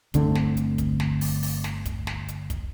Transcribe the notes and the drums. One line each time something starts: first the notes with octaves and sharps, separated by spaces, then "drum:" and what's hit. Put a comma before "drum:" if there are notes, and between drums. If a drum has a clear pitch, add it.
G1 D3 A3 C4, drum: kick, hi-hat
drum: snare
drum: hi-hat
drum: kick, hi-hat
drum: snare
drum: open hi-hat
drum: open hi-hat
drum: snare
drum: kick, hi-hat
drum: snare
drum: hi-hat
drum: kick, hi-hat